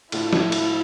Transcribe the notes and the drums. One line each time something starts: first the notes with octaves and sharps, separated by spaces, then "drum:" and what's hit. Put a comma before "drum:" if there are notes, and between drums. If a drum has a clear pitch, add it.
A2 F3 A3 D4 E4 F4, drum: cymbal
drum: snare
drum: cymbal